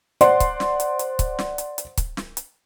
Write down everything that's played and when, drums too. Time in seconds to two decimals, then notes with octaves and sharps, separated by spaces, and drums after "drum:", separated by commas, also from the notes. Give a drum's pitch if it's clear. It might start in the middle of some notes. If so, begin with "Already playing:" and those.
0.21 C5 D5 F#5 C6, drum: hi-hat
0.40 drum: kick, hi-hat
0.60 drum: snare
0.80 drum: hi-hat
0.99 drum: hi-hat
1.19 drum: kick, hi-hat
1.39 drum: snare
1.58 drum: hi-hat
1.78 drum: hi-hat
1.97 drum: kick, hi-hat
2.17 drum: snare
2.37 drum: hi-hat